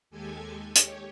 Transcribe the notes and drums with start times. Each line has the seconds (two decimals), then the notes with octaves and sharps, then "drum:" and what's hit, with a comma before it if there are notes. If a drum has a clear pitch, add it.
0.10 D#2 G#3 G4 A4 G#5 G#6
0.76 G4 C#5, drum: hi-hat